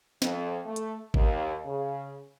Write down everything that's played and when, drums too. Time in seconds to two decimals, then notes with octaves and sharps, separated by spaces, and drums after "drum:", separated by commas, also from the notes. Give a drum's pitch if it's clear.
0.22 F2, drum: snare
0.66 A3
0.76 drum: hi-hat
1.14 D#2, drum: kick G#1
1.65 C#3